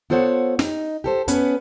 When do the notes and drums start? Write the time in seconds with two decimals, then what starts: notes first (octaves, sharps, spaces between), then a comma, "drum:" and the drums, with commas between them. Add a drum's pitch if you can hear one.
0.10 B3 F4 A4 C5 C#5 F#5
0.59 D#4, drum: snare
1.04 G4 A4 C5
1.28 B3 C#4 B4, drum: hi-hat